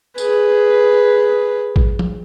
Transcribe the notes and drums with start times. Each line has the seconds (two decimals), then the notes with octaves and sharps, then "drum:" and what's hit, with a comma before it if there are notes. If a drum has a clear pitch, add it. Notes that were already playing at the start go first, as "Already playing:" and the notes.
0.18 G#4 B4, drum: tambourine
1.76 drum: kick A1
1.99 drum: tom